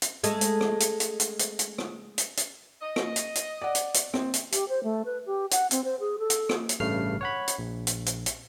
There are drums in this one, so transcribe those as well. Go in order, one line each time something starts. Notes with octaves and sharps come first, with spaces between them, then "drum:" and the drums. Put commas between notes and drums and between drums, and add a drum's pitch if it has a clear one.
drum: hi-hat
G#3 A3, drum: hi-hat
drum: hi-hat
drum: rim click
drum: hi-hat
drum: hi-hat
drum: hi-hat
drum: hi-hat
drum: hi-hat
drum: rim click
drum: hi-hat
drum: hi-hat
D#5
drum: rim click
drum: hi-hat
drum: hi-hat
D5 F#5
drum: hi-hat
drum: hi-hat
C4, drum: rim click
drum: hi-hat
G4, drum: hi-hat
C5
A3
B4
G4
F#5, drum: hi-hat
C4, drum: hi-hat
C5
G#4
A4
drum: hi-hat
drum: rim click
drum: hi-hat
A1 G2 C#3 A3 F6 C7
C#5 F#5 B5
drum: hi-hat
A#1
drum: hi-hat
drum: hi-hat
drum: hi-hat